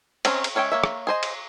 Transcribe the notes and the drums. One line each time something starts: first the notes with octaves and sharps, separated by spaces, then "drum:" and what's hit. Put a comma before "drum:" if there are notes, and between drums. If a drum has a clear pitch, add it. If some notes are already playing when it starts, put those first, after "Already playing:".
C4 C#4 A#5, drum: cymbal
drum: cymbal
G#3 C#4 C#5 E5 G5
A#3 C#5 E5
drum: rim click
G#4 C5 D#5
drum: cymbal